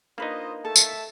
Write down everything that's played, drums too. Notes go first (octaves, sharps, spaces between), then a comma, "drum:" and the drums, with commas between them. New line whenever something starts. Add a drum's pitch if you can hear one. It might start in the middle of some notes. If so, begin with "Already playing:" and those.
A#3 D4 D#4 F4 B4 C5 D#5
A3 A4 E5 A5
drum: tambourine